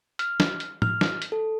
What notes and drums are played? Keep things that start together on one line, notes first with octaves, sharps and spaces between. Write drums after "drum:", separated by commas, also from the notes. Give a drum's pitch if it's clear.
F6, drum: hi-hat
drum: snare
drum: hi-hat
F6, drum: tom
drum: snare
drum: hi-hat
A4